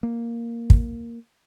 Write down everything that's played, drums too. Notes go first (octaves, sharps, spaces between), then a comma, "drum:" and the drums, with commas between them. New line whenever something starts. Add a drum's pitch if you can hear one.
A#3
drum: kick